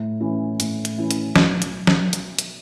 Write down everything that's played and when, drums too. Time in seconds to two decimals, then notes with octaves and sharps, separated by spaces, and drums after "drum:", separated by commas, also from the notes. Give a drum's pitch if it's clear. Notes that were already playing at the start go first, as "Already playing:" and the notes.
Already playing: A2
0.20 E3 C#4 E4
0.60 A2, drum: hi-hat
0.85 drum: hi-hat
0.98 E3 C#4 E4
1.11 drum: hi-hat
1.36 B1, drum: snare
1.62 drum: hi-hat
1.87 drum: snare
2.13 drum: hi-hat
2.39 drum: hi-hat